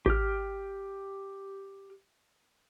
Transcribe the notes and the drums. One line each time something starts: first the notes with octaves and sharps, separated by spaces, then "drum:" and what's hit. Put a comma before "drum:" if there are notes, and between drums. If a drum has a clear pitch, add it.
G4 F6, drum: kick G#1